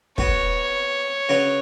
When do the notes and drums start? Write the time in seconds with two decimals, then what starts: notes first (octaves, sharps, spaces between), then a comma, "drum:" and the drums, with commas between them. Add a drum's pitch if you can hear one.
0.18 B3 F#4 B4 C#5, drum: kick
1.29 C#3 F#3 C#4 B4